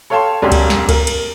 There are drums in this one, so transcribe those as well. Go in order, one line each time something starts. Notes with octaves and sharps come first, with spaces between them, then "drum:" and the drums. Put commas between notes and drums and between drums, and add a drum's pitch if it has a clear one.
A4 C#5 F5 G5 A5 C6
E1 B1 C#4 G4 D5 C6
drum: kick C#2, cymbal
drum: snare
A#4, drum: kick C#2, cymbal
drum: cymbal